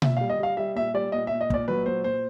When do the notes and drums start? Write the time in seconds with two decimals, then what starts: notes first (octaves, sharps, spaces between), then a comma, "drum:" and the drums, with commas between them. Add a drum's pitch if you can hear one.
0.02 A#2 E5, drum: tom B2
0.17 G3 F5
0.30 D#5
0.39 G3 F5
0.57 G3 E5
0.75 A#2 E5
0.94 G3 D5
1.12 A#2 D#5
1.27 A#2 E5
1.41 D#5
1.50 A#2 D5, drum: kick
1.68 F#3 B4
1.86 A#2 C5
2.04 A#2 C5